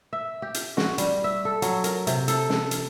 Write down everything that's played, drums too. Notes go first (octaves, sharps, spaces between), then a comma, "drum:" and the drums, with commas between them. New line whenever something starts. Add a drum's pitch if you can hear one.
E5
G4
drum: hi-hat
F#4, drum: snare
G3, drum: hi-hat
E5
A4
F#3, drum: hi-hat
A#4, drum: hi-hat
C3, drum: hi-hat
A4, drum: hi-hat
drum: snare
drum: hi-hat